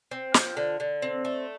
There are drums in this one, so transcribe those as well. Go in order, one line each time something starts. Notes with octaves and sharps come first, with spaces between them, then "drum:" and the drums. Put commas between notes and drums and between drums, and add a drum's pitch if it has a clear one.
C4
F3, drum: snare
D3
D3
C4
A3